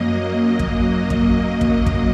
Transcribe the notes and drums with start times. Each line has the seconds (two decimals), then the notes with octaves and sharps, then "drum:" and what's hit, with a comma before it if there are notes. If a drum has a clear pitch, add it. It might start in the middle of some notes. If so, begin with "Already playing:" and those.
Already playing: F#2 F#3 A#3 D#5
0.34 F#2 F#3 A#3
0.59 drum: kick
1.10 drum: kick
1.61 drum: kick
1.86 drum: kick